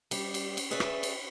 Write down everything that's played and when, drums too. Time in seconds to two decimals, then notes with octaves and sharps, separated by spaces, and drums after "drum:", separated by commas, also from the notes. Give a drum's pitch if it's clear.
0.11 G3, drum: cymbal
0.34 drum: cymbal
0.57 drum: cymbal
0.71 G#4 B4 C#5 D5 E5
0.80 drum: rim click
1.03 drum: cymbal